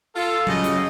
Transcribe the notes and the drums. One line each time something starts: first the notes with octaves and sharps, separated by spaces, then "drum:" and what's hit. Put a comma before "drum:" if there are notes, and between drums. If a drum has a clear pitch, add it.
F4 A4
F#2 C#3 G4 D#5, drum: tom
drum: hi-hat